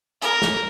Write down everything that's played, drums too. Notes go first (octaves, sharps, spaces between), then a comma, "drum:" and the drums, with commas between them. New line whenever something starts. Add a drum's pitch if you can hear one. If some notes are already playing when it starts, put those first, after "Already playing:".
A#4, drum: hi-hat
drum: snare